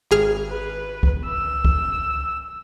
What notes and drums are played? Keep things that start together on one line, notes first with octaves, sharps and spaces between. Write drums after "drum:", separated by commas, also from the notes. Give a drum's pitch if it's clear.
G#1 G#4 F6
B4
drum: kick
E6
drum: kick